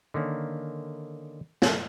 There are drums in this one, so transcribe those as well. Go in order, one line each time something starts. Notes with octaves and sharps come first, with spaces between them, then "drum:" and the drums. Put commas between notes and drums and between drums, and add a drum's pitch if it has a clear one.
D3 D#3 A#3 C#4
drum: snare